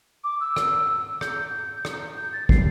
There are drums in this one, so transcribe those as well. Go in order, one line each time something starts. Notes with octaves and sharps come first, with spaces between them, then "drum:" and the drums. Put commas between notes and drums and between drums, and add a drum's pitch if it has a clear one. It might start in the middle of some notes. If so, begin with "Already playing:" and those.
D6
E6
drum: rim click
G6, drum: rim click
drum: rim click
G6
A6
C7, drum: kick